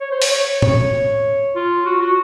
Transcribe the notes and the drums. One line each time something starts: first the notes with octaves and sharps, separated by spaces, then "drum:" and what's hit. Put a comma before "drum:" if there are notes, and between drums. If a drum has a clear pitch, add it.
C#5
C5
C#5, drum: open hi-hat
C#5
C#5, drum: tom A2
F4
F#4
F#4